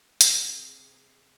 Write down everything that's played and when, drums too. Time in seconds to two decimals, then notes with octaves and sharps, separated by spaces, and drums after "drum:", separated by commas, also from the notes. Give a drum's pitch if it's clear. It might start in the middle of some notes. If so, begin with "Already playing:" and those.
0.21 C3 G#4, drum: hi-hat